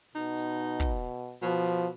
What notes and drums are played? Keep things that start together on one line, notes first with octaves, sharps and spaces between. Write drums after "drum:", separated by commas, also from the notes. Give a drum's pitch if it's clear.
B2 D#4
drum: hi-hat
drum: kick, hi-hat
B2 F3
drum: hi-hat